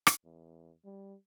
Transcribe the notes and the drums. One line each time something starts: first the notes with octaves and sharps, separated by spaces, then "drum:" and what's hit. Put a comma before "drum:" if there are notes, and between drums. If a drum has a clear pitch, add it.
drum: rim click
E2
G3